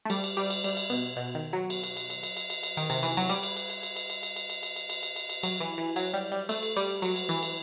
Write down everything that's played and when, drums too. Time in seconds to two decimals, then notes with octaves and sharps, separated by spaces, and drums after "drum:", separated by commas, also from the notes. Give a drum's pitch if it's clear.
0.05 A3
0.10 G3, drum: cymbal
0.24 drum: cymbal
0.37 G3, drum: cymbal
0.50 drum: cymbal
0.64 G3, drum: cymbal
0.77 drum: cymbal
0.90 B2, drum: cymbal
1.16 B2
1.35 D#3
1.53 F#3
1.70 drum: cymbal
1.83 drum: cymbal
1.97 drum: cymbal
2.10 drum: cymbal
2.23 drum: cymbal
2.37 drum: cymbal
2.50 drum: cymbal
2.63 drum: cymbal
2.77 D#3, drum: cymbal
2.90 C3, drum: cymbal
3.03 E3, drum: cymbal
3.17 F#3, drum: cymbal
3.29 G3, drum: cymbal
3.43 drum: cymbal
3.56 drum: cymbal
3.70 drum: cymbal
3.83 drum: cymbal
3.96 drum: cymbal
4.10 drum: cymbal
4.23 drum: cymbal
4.36 drum: cymbal
4.50 drum: cymbal
4.63 drum: cymbal
4.76 drum: cymbal
4.89 drum: cymbal
5.03 drum: cymbal
5.16 drum: cymbal
5.29 drum: cymbal
5.43 F#3, drum: cymbal
5.60 E3
5.78 E3
5.96 F#3, drum: cymbal
6.13 G3
6.32 G3
6.49 A3, drum: cymbal
6.63 drum: cymbal
6.76 G3, drum: cymbal
7.02 F#3, drum: cymbal
7.16 drum: cymbal
7.29 E3, drum: cymbal
7.42 drum: cymbal